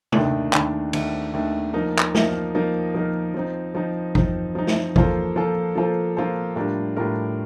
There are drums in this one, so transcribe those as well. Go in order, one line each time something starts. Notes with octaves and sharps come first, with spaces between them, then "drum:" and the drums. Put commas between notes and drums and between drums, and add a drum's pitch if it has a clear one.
D#2 D#3 A3 D4, drum: tom
D#2 D#3 A3 D4, drum: clap
D#2 D#3 A3 D4, drum: cymbal
D#2 D#3 A3 D4
F3 A#3 D#4 A#4
drum: clap
F3 A#3 D#4 A#4, drum: snare
F3 A#3 D#4 A#4
F3 A#3 D#4 A#4
F3 C4 D#4
F3 C4 D#4
F3 C4 D#4, drum: kick
F3 C4 D#4
drum: snare
F3 A#3 F4 A4 C5, drum: kick
F3 A#3 F4 A4 C5
F3 A#3 F4 A4 C5
F3 A#3 F4 A4 C5
A2 G3 D4 F4 A#4
A2 G3 D4 F4 A#4